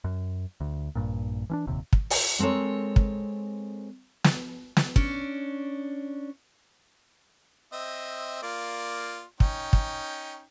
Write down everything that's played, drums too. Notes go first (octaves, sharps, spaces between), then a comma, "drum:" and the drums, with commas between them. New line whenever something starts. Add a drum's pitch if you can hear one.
F#2
D2
A#1 G2 A#2
E3 C#4 D4
F1 A#1 D#2 C3
drum: kick
drum: open hi-hat
G#3 C4 A4 A#4 C#5
drum: kick
drum: snare
drum: snare
C#4 D4, drum: kick
C4 D#5 E5
A#3 F4 D5
C#4 D#4 G5, drum: kick
drum: kick